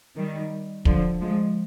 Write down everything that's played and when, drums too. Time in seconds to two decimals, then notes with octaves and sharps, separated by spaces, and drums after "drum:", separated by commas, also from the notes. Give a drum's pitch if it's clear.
0.16 D#3 G3
0.85 D3 F3, drum: kick
1.21 F3 G#3